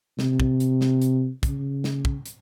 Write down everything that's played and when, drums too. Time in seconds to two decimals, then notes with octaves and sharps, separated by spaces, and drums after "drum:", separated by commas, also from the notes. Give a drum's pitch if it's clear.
0.19 C3, drum: snare
0.40 drum: kick
0.60 drum: hi-hat
0.81 drum: snare
1.02 drum: hi-hat
1.43 C#3, drum: kick, hi-hat
1.84 drum: snare
2.05 drum: kick
2.26 drum: hi-hat